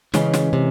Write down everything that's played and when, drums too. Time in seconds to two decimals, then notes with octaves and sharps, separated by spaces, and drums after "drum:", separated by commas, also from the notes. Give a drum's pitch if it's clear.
0.14 C#3 E3 G#3 C#4, drum: snare
0.34 drum: snare
0.53 C3